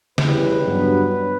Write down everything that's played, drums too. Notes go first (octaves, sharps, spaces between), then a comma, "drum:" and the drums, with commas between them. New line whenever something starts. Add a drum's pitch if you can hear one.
E2 C#3 E3 G3 B4, drum: snare
G2 F#3 B3